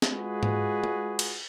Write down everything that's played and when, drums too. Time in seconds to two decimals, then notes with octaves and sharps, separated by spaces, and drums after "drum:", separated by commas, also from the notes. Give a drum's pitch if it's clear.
0.02 drum: snare
0.11 G#3 F4 F#4 G#4 B4
0.43 drum: tom G#2
0.84 drum: tom G#3
1.19 drum: cymbal